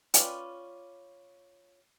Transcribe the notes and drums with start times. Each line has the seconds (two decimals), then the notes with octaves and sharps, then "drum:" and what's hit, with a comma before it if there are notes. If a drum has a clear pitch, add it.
0.14 C#4 F4 B4 D5 G5, drum: hi-hat